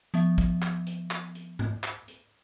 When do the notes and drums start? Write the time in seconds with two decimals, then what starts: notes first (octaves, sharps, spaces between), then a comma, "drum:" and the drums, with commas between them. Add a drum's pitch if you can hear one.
0.14 F3 B3 E5, drum: hi-hat
0.38 drum: kick, hi-hat
0.62 drum: clap
0.86 drum: hi-hat
1.11 drum: clap
1.35 drum: hi-hat
1.59 drum: tom G#2
1.84 drum: clap
2.08 drum: hi-hat